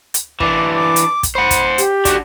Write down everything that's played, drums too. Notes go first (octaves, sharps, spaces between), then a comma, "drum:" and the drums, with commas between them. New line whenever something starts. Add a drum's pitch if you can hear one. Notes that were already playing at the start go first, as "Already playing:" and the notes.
drum: hi-hat
E3 D4 D6, drum: kick
D6
drum: hi-hat
drum: kick, hi-hat
C5 F#5 B5
drum: kick, hi-hat
G4, drum: hi-hat
D4 F#4, drum: kick, hi-hat